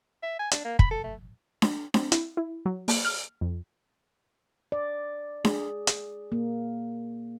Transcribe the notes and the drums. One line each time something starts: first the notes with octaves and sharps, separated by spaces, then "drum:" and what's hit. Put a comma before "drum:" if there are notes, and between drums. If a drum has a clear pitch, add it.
E5
G#5
D4, drum: hi-hat
A#3
B5, drum: kick
A4
A3
drum: snare D4
C4, drum: snare D4
E4, drum: hi-hat
E4
F#3
A#3, drum: open hi-hat
F6
F2
D5
G#4, drum: snare D4
drum: hi-hat
A#3